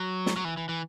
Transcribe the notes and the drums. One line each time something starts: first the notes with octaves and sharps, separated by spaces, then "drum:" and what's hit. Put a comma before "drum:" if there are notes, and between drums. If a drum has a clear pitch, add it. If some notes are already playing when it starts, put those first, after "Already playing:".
Already playing: F#3
drum: snare
F#3
E3
E3
E3